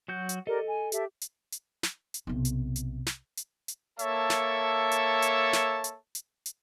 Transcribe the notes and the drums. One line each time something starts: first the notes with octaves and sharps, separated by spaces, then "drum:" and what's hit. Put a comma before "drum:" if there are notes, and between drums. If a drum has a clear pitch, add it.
F#3 F#4 G6
drum: hi-hat
G4 A4 A#4 D5 D#5
G#5
G4 A4 E5, drum: hi-hat
drum: hi-hat
drum: hi-hat
drum: snare
drum: hi-hat
B1 C3
drum: hi-hat
drum: hi-hat
drum: snare
drum: hi-hat
drum: hi-hat
A#3 A4 C#5 E5 A5, drum: hi-hat
drum: snare
drum: hi-hat
drum: hi-hat
drum: snare
drum: hi-hat
drum: hi-hat
drum: hi-hat